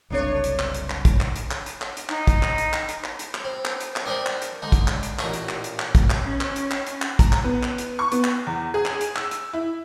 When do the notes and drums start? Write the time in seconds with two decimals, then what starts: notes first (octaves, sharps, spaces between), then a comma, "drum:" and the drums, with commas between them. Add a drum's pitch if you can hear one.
0.10 F#1 C2 C3 A3 D4 C#5
0.44 drum: hi-hat
0.59 drum: clap
0.74 drum: hi-hat
0.90 drum: clap
1.05 drum: kick, hi-hat
1.20 drum: clap
1.36 drum: hi-hat
1.51 drum: clap
1.66 drum: hi-hat
1.82 drum: clap
1.97 drum: hi-hat
2.09 D#4, drum: clap
2.27 drum: kick, hi-hat
2.43 drum: clap
2.58 drum: hi-hat
2.73 drum: clap
2.89 drum: hi-hat
3.04 drum: clap
3.19 drum: hi-hat
3.35 drum: clap
3.44 C4
3.65 drum: clap
3.80 drum: hi-hat
3.96 drum: clap
4.06 C4 D4 D#4 G4 A#4
4.26 drum: clap
4.42 drum: hi-hat
4.62 D3 G#3 D#4
4.72 drum: kick, hi-hat
4.88 drum: clap
5.03 drum: hi-hat
5.19 A1 A#2 D#5 A#5 C#6, drum: clap
5.34 drum: hi-hat
5.49 drum: clap
5.64 drum: hi-hat
5.79 drum: clap
5.95 drum: kick, hi-hat
6.10 drum: clap
6.20 C#4
6.41 drum: clap
6.56 drum: hi-hat
6.71 drum: clap
6.87 drum: hi-hat
7.02 drum: clap
7.19 A#5, drum: kick, hi-hat
7.32 drum: clap
7.44 B3
7.63 drum: clap
7.78 drum: hi-hat
7.99 C#6
8.12 B3, drum: hi-hat
8.24 drum: clap
8.47 E2
8.74 G#4
8.85 drum: clap
9.01 drum: hi-hat
9.16 E6, drum: clap
9.31 drum: hi-hat
9.53 E4